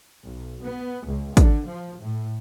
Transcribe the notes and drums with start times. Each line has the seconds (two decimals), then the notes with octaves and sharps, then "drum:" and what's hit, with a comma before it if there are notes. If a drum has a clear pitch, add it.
0.23 B1
0.63 B3
1.06 C#2
1.37 D3, drum: kick, hi-hat
1.68 F3
2.01 A2